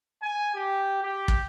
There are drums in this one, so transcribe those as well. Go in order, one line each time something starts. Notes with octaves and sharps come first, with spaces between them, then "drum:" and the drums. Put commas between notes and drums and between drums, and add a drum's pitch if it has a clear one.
G#5
G4
G4
drum: kick